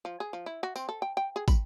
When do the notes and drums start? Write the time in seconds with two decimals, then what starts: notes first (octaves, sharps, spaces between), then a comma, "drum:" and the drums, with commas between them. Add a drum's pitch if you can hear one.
0.05 F3
0.20 G#4
0.33 F3
0.46 E4
0.63 F#4
0.76 C4, drum: tambourine
0.89 A4
1.02 G5
1.17 G5
1.36 G#4
1.48 B5, drum: kick, tambourine